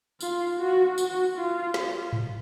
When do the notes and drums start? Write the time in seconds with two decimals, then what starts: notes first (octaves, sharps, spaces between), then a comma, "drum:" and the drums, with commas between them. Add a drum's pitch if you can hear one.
0.21 F4, drum: tambourine
0.59 F#4
0.98 F#4, drum: tambourine
1.36 F4
1.74 drum: snare
2.13 drum: tom G#2